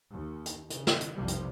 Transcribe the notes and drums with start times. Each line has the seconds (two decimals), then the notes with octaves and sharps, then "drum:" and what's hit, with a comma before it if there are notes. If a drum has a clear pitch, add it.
0.11 D#2
0.46 drum: hi-hat
0.70 C#3, drum: hi-hat
0.87 drum: snare
1.01 drum: hi-hat
1.14 B1 F2 C3 F3 G3
1.28 drum: hi-hat